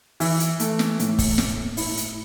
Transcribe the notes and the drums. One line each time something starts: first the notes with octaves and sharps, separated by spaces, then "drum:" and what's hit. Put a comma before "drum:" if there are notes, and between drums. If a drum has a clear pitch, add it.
E3, drum: open hi-hat
drum: hi-hat
A3, drum: hi-hat
drum: snare
A2, drum: hi-hat
drum: kick, open hi-hat
A2, drum: snare
E4, drum: open hi-hat
drum: hi-hat